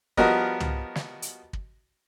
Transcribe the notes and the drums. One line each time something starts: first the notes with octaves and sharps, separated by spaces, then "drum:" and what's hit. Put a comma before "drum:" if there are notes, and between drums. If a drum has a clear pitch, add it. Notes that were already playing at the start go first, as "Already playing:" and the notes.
F3 G3 B3 F#4 A#4 D#5, drum: kick
drum: tom
drum: snare
drum: hi-hat
drum: kick